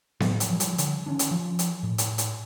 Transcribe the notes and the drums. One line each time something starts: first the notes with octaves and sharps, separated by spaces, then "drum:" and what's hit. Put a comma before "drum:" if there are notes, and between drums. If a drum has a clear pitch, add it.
A2, drum: snare B3
drum: hi-hat
F3 G3
drum: hi-hat
D3, drum: hi-hat
D#3 C#4 D4
drum: hi-hat
F3
drum: hi-hat
A2
drum: hi-hat
drum: hi-hat